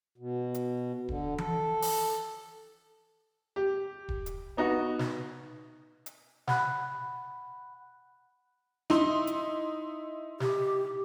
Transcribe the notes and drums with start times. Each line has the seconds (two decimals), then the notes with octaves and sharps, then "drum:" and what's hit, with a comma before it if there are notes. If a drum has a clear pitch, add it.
0.18 B2
0.54 drum: hi-hat
1.09 D3, drum: kick D#1
1.38 A4, drum: tom E3
1.82 drum: open hi-hat
3.56 G4
4.09 drum: kick D#1
4.26 drum: hi-hat
4.57 B3 D#4 F#4
4.99 drum: snare
6.06 drum: hi-hat
6.48 F#5 B5 F#6, drum: snare
8.90 D#4 E4 C6, drum: rim click
9.27 drum: hi-hat
10.40 G4, drum: snare